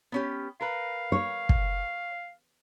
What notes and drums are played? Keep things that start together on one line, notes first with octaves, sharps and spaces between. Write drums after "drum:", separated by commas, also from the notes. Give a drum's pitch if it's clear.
B3 C#4 G4
A#4 B4 F5
C#5
drum: kick